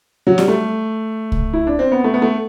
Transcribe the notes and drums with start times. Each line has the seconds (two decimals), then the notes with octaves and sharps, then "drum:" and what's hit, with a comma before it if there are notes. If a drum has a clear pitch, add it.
0.27 F#3
0.38 G3, drum: snare
0.48 A3
1.32 drum: kick C2
1.53 E4
1.67 D4
1.79 C4
1.92 B3
2.04 A3
2.14 B3
2.22 A3